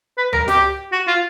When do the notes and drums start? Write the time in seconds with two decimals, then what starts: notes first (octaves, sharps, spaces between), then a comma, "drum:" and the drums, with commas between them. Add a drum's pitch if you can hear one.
0.17 B4
0.33 A#4, drum: tom C#2
0.48 G4, drum: snare
0.92 F#4
1.07 F4